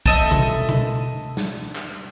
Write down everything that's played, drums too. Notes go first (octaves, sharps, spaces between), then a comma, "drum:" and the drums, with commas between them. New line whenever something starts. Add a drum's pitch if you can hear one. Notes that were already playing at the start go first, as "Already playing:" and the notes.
A4 D#5 E5, drum: kick
drum: tom B2
drum: tom B2
drum: snare
drum: clap